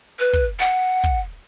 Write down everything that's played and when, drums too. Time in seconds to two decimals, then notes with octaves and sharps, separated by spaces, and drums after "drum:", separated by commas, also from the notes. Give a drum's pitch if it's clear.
0.19 B4
0.33 drum: kick
0.60 F#5
1.04 drum: kick